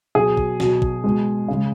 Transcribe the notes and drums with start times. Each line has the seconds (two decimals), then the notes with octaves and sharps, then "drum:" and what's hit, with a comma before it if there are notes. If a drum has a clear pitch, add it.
0.15 B2 F#3 G#4
0.37 drum: kick
0.60 B2 F#3, drum: snare
0.82 drum: kick
1.04 B2 G#3
1.48 C#3 G#3